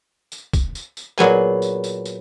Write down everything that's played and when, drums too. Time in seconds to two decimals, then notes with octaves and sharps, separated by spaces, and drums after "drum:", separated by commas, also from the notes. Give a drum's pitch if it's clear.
0.32 drum: tambourine
0.53 drum: kick, tambourine
0.75 drum: tambourine
0.97 drum: tambourine
1.19 A#2 F#3 B3 G#4 G#5, drum: clap
1.62 drum: tambourine
1.84 drum: tambourine
2.05 drum: tambourine